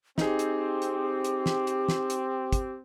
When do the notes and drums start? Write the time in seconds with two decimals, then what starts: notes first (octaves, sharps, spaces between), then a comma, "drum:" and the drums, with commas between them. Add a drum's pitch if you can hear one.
0.18 C4 D#4 G4 G#4, drum: snare
0.39 drum: hi-hat
0.82 drum: hi-hat
1.24 drum: hi-hat
1.46 drum: snare
1.67 drum: hi-hat
1.88 drum: snare
2.10 drum: hi-hat
2.53 drum: kick, hi-hat